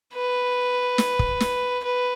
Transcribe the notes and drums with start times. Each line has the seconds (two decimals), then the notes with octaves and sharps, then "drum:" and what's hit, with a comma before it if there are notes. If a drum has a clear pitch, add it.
0.14 B4
0.98 drum: snare
1.19 drum: kick
1.40 drum: snare
1.83 B4